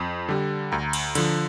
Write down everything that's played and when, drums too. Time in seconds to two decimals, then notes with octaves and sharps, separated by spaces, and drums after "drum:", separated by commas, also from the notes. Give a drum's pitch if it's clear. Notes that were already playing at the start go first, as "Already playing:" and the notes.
Already playing: F2
0.29 D3 G3
0.72 D2 A#5
0.93 drum: cymbal
1.15 D3 F3, drum: cymbal